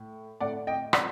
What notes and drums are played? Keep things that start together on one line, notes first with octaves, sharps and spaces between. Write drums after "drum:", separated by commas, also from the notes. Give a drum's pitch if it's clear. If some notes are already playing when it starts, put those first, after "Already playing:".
Already playing: A2
A2 D5 F#5
D#5 G5
D5 F#5, drum: rim click